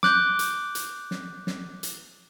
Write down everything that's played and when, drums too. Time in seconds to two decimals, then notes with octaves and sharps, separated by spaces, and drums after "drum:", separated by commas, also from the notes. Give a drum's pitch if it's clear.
0.03 D6 F#6 G6, drum: snare
0.39 drum: hi-hat
0.75 drum: hi-hat
1.11 drum: snare
1.47 drum: snare
1.83 drum: hi-hat